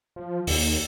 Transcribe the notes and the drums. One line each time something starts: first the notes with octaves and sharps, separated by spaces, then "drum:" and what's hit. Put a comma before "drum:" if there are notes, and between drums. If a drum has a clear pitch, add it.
F3
D#2, drum: open hi-hat